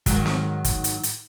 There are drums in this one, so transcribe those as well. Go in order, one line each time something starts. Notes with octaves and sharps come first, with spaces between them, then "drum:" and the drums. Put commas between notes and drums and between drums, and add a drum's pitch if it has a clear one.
G#2 D#3 F#3, drum: kick, hi-hat
drum: snare C4
drum: kick, hi-hat
drum: hi-hat
drum: hi-hat